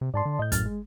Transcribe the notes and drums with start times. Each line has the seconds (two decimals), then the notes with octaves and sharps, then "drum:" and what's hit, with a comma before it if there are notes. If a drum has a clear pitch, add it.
0.01 C3
0.14 G#2 D5 A5 C6
0.25 D3
0.39 A2 D#5 G6
0.52 F#2 F6 A6, drum: kick, hi-hat
0.66 G#3